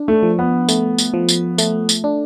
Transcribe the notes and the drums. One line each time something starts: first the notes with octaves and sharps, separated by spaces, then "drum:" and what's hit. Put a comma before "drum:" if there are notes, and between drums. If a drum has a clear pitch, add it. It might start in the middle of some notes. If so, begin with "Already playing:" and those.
Already playing: D4
A3
F3
B3
A3, drum: tambourine
drum: tambourine
F3
drum: tambourine
A3, drum: tambourine
drum: tambourine
D4